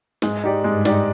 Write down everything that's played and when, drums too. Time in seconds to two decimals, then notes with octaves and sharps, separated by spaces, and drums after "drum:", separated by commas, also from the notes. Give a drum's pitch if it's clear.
0.22 G#2 G#3, drum: snare
0.44 D#4 G4 D5
0.64 G2 G#3
0.85 D#4 G4 D5, drum: snare